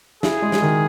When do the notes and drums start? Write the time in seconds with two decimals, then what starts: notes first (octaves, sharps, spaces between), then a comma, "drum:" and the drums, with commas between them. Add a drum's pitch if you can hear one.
0.23 E4 G#4, drum: snare
0.42 G#3
0.52 drum: snare
0.62 D#3